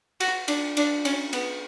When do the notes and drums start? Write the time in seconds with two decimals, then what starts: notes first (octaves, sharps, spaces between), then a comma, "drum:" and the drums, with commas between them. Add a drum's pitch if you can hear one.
0.20 F#4, drum: cymbal
0.48 D4, drum: cymbal
0.77 D4, drum: cymbal
1.05 C#4, drum: cymbal
1.33 B3, drum: cymbal